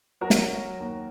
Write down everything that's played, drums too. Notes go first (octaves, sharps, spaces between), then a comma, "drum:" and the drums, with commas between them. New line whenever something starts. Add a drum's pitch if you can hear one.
F#3 F#4 A#4
drum: snare
F#3
F#3
D#2